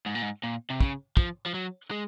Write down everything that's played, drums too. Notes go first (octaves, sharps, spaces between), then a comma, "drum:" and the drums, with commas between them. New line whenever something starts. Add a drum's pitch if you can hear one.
G#2
A#2
G#2
A#2
C3
C#3, drum: kick
F3, drum: kick
F3
F#3
G#3